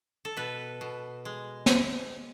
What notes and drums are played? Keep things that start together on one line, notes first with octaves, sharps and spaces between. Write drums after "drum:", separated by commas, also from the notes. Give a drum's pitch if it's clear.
A4
B2 B4
B2
G#3
drum: snare